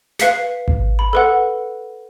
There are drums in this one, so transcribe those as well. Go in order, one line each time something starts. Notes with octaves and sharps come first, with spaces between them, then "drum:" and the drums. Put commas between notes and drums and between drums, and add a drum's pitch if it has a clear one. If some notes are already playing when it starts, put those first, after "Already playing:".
B4 F5 B6 C#7, drum: snare
drum: kick G#1
B5
A4 B4 F#5